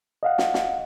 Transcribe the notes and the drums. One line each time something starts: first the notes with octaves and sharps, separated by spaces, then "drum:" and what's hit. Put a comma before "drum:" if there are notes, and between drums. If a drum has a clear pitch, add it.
D#5 F5 F#5
drum: snare
drum: snare